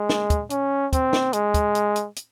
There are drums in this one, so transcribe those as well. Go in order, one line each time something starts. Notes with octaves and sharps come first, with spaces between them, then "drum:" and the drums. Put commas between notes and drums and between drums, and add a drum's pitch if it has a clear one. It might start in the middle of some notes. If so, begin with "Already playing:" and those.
Already playing: G#3
drum: snare
drum: kick, hi-hat
C#4, drum: hi-hat
C4, drum: kick, hi-hat
drum: snare
G#3, drum: hi-hat
drum: kick, hi-hat
drum: hi-hat
drum: hi-hat
drum: hi-hat